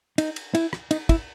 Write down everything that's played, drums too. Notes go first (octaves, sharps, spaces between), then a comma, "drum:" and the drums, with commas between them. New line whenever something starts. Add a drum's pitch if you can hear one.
D#4, drum: cymbal
drum: cymbal
E4, drum: cymbal
drum: rim click
D#4, drum: cymbal
E4, drum: kick, cymbal